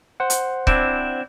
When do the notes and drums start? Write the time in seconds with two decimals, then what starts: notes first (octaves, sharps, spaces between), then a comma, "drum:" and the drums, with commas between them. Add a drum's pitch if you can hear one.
0.20 C5 F#5
0.30 drum: hi-hat
0.67 C4 D4 E4, drum: kick C#1